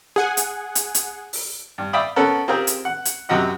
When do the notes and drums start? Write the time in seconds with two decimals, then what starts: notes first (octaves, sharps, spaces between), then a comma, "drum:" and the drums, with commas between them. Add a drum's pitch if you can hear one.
0.16 G#4 F#5 G#5
0.37 drum: hi-hat
0.75 drum: hi-hat
0.95 drum: hi-hat
1.33 drum: open hi-hat
1.78 G2
1.93 D5 E5 F5 G5 B5 D#6
2.16 B3 C#4 A4 A#4 F#5
2.48 C4 F4 G4 G#4 A#4 C5
2.67 drum: hi-hat
2.85 F#5
3.05 drum: hi-hat
3.29 F#2 C3 F#4 D#5 F#5